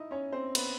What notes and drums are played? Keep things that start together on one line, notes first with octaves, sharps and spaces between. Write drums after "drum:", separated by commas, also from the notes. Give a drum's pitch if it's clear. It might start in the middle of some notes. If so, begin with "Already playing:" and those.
Already playing: D#4 E4 D#5
C#4 C#5
C4 C5
B3 B4, drum: cymbal